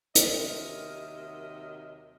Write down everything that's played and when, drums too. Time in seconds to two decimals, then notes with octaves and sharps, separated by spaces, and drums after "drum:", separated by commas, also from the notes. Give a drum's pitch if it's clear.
0.15 D#2 C3 F#3 A#4 D#5 E5, drum: hi-hat